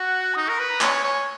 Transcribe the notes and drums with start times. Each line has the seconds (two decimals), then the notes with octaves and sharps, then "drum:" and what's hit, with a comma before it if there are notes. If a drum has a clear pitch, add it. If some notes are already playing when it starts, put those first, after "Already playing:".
Already playing: F#4 F#5
0.34 D#4 D#6
0.46 A#4 C#6
0.57 B4 B5
0.70 A#5
0.81 C#5 G#5, drum: clap
1.04 C#5